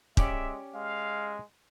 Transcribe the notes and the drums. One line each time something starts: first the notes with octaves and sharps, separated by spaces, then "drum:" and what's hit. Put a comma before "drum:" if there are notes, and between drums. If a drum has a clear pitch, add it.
G#3 C#4 G4 D5 E5, drum: kick
G#3 F5